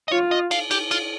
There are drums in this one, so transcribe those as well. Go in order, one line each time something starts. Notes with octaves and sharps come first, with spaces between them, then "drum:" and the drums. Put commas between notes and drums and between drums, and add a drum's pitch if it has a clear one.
D#5
F4 C#5
D#5
F5, drum: cymbal
G4, drum: cymbal
F4, drum: cymbal